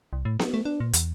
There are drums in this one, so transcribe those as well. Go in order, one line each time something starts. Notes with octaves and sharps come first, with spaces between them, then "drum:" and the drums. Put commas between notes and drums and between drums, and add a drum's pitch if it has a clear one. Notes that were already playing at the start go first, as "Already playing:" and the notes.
C2
A2
B3, drum: snare B3
A3
D4
A#2
E2, drum: hi-hat